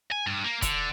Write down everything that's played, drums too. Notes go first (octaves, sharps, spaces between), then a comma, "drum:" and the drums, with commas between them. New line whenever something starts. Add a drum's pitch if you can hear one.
G#5
G2
A#3
D3, drum: kick E1, hi-hat